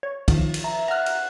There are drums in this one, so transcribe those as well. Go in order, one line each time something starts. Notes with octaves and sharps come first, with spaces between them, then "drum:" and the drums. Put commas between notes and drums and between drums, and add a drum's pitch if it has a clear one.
C#5
D#3 F3, drum: kick, cymbal
drum: cymbal
E5 A#5
F#5 A#5 F6 F#6
drum: cymbal